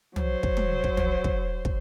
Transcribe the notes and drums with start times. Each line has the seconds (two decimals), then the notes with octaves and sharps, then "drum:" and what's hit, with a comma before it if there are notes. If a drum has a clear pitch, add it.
0.16 F#3 C5, drum: tom
0.43 drum: kick
0.57 drum: tom
0.84 drum: kick
0.97 drum: tom
1.24 drum: kick
1.65 drum: kick